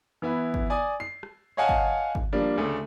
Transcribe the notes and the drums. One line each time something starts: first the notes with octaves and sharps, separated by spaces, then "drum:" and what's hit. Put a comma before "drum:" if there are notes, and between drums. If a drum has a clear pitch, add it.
E3 B3 E4
drum: kick
D5 G#5 D#6
C7
drum: rim click
C#5 D#5 F5 F#5 G#5 A5
drum: kick
drum: kick
F3 G3 A#3 D4
D2 C#3 A3